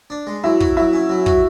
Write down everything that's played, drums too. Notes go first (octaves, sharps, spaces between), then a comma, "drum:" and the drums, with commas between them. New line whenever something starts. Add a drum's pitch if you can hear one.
D4
G#3
F#3 E4
F#4, drum: kick
F#3 E4
C#4
F#3
F#4, drum: kick